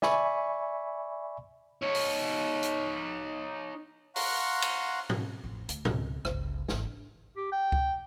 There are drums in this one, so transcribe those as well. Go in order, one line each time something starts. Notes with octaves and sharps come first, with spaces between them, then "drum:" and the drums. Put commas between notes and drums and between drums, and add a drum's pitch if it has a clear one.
D5 E5 G#5 B5 C#6, drum: snare
D#4 C#5
drum: open hi-hat
drum: hi-hat
F5 F#5 A#5 C6 C#6 F#6, drum: open hi-hat
drum: cymbal
drum: tom
A1 F2
D2, drum: hi-hat
C#2, drum: tom
G1 C#2, drum: rim click
G#1 E2, drum: snare
D4
G4
G5
drum: kick C#2